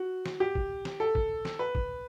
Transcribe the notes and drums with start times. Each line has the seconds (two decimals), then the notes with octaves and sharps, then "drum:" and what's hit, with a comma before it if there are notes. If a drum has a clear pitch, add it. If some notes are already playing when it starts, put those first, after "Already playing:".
Already playing: F#4
0.26 drum: snare
0.40 G4
0.55 drum: kick
0.85 drum: snare
1.00 A4
1.15 drum: kick
1.45 drum: snare
1.59 B4
1.75 drum: kick